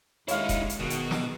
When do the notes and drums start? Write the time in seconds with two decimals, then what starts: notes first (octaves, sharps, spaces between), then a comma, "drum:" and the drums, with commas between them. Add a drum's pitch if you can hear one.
0.28 D#2 G#3 D#4 E4 C#5 F5, drum: hi-hat
0.49 drum: kick D#1, hi-hat
0.69 drum: hi-hat
0.80 B2 D#3 F#4 G#4
0.90 drum: hi-hat
1.11 drum: snare